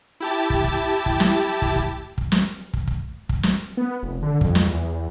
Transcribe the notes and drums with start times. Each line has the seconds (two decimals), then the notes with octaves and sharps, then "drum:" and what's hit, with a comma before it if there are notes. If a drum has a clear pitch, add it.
0.20 E4 G4 A5
0.50 drum: kick
0.64 drum: kick
1.06 drum: kick
1.20 drum: snare
1.62 drum: kick
1.76 drum: kick
2.18 drum: kick
2.32 drum: snare
2.74 drum: kick
2.87 drum: kick
3.29 drum: kick
3.43 drum: snare
3.77 B3
4.03 F1
4.22 D3
4.41 F2, drum: kick
4.55 drum: snare
4.66 E2